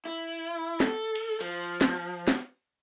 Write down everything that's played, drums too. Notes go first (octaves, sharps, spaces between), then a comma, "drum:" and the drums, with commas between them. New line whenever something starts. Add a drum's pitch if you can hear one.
E4
A4, drum: snare
drum: cymbal
F3, drum: cymbal
drum: snare
drum: snare